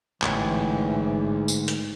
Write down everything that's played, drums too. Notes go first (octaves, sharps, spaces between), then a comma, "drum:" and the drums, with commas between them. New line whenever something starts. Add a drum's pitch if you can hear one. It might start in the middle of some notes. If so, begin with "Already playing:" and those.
A1 D2 G#2 E3, drum: clap
drum: tambourine
drum: hi-hat